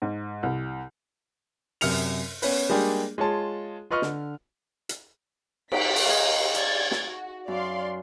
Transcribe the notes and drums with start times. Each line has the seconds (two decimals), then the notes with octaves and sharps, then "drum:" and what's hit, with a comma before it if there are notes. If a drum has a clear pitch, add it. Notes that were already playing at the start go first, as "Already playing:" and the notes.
0.02 G#2
0.43 C2
1.81 F#2 C3 F6 C#7 F7, drum: open hi-hat
2.42 B3 C#4 B4, drum: open hi-hat
2.69 G3 G#3 A#3 D4 G4 G#4
3.18 G#3 F4 C#5 A5
3.91 F4 B4 D#5 C#6 F6
4.02 D3, drum: snare
4.89 drum: hi-hat
5.72 D#4 B6 D7, drum: cymbal
5.96 drum: open hi-hat
6.05 G#4 A#4 D#5 F5
6.55 D5 G#6 A6, drum: hi-hat
6.91 drum: snare
7.06 F#4
7.48 F#2 D5 F5 C6